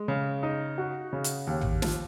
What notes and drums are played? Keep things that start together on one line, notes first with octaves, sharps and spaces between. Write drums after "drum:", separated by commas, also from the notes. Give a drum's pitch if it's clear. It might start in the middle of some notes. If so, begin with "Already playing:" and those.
Already playing: G#3
C#3
D#4
F#4
C#3
drum: hi-hat
D#2
drum: tom A1
F3, drum: snare